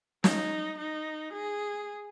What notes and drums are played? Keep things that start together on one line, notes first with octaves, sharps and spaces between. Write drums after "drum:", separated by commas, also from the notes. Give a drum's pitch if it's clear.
D#4, drum: snare
D#4
G#4